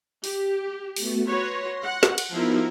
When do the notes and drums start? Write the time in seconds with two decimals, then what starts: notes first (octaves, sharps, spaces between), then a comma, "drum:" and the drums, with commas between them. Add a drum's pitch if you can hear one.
0.24 G4, drum: open hi-hat
0.96 A3 B3 F#4, drum: open hi-hat
1.27 F#4 B4 C#5 C6 A#6
1.84 F#5
2.03 drum: snare
2.18 drum: cymbal
2.33 F3 B3 D#4 E4 F#4 A#4